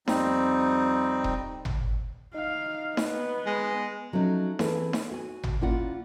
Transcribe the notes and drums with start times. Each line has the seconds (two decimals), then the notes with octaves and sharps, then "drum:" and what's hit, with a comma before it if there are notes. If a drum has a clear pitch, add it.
0.08 F2 G3 C4 D#4, drum: snare D#4
1.24 drum: kick D#1
1.65 drum: tom G#1
2.35 D#4 F5
2.97 B3, drum: snare D#4
3.46 G#3
4.12 F3 F#3 A3 C#4 D#4
4.59 E3 A3 C4 G#4 A4 B4, drum: snare D#4
4.93 drum: snare D#4
5.11 F#4 G#5
5.44 drum: tom G#1
5.61 A#3 C#4 E4 F4 D5 F#5